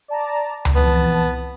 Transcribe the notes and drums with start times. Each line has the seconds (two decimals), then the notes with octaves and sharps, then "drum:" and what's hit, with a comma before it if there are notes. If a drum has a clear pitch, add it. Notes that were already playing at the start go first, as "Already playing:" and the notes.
0.08 D5 A5 A#5
0.65 drum: tom C#2
0.76 F2 E3 B3 A5